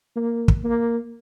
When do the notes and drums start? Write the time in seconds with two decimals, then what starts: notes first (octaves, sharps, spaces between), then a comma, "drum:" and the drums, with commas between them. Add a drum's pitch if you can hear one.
0.16 A#3
0.48 drum: kick
0.64 A#3